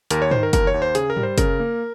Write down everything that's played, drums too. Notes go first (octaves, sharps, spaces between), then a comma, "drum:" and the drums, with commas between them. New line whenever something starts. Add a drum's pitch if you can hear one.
D#2 A#4, drum: hi-hat
C#5
D#3 C5, drum: tom
A#4
D#2 A#4, drum: kick, hi-hat
C#5
D#2
C5
C#3 G#4, drum: hi-hat
A#4
G3, drum: tom
C5
C#3 A#4, drum: kick, hi-hat
A#3